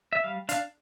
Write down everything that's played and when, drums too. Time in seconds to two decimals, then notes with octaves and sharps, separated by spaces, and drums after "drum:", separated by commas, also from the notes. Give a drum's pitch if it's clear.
0.13 E5
0.24 G3 F5
0.49 D4 F5, drum: hi-hat